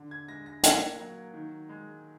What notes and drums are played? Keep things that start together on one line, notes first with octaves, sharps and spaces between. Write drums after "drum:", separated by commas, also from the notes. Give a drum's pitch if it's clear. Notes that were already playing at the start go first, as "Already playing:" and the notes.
Already playing: D3
G#6
G#3 A#6
A#6
A#3 G#6, drum: hi-hat
F#3
D#3
G#3